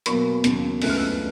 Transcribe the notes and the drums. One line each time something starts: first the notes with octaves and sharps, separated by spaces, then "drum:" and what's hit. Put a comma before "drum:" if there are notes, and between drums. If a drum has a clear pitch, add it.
E2 B2 F#3 A#3 B5 C#6, drum: hi-hat
D#2 C#3 F#3 A#3, drum: hi-hat
C#2 C#3 E3 A3 F#6, drum: open hi-hat
F6
E6 F#6